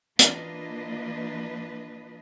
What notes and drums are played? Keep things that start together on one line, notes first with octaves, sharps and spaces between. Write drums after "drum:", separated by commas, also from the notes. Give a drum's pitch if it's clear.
E3 A#3 D4 F4 B4 D#5, drum: hi-hat